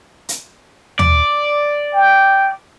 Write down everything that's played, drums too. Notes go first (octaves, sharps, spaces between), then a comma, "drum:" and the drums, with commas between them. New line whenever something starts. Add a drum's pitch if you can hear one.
drum: hi-hat
D5, drum: tom
G5